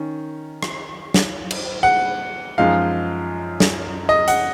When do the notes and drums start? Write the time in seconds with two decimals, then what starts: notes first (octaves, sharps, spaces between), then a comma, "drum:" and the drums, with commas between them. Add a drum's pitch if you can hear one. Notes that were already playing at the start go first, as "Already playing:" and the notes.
Already playing: D#3 C#4
0.63 drum: rim click
1.14 drum: snare
1.51 drum: cymbal
1.83 F#5
2.58 F#2 F3 G#3 D#4 F5
3.60 drum: snare
4.09 D#5
4.28 F#5, drum: hi-hat